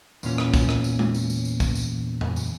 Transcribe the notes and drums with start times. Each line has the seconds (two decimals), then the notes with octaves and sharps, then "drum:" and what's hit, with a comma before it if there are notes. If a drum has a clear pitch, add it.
0.23 E2 A#2 C#4, drum: tambourine
0.38 drum: rim click
0.54 drum: kick, tambourine
0.69 drum: rim click
0.84 drum: tambourine
0.99 drum: tom G#3
1.14 drum: tambourine
1.30 drum: tambourine
1.45 drum: tambourine
1.60 drum: kick, tambourine
1.75 drum: tambourine
2.21 drum: tom F2
2.36 drum: tambourine